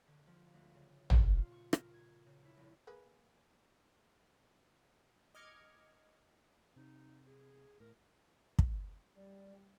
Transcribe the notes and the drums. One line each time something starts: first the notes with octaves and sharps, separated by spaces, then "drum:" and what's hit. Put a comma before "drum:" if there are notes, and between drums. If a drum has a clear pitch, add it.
D3
F3
D2
C#3
A#2, drum: tom
F4
C#6
A#4, drum: rim click
G#6
C#3
E4
F1
A#3 G#4 B4
D#5 D6 F6 G#6 C#7
C3 D#4
G#4
A2 A#4
drum: kick
G3 D5